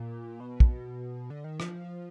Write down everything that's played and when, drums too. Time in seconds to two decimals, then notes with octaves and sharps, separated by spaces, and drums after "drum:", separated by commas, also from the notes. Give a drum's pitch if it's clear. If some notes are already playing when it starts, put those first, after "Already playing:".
Already playing: A#2
0.40 B2
0.60 drum: kick
1.30 D3
1.44 D#3
1.60 F3, drum: rim click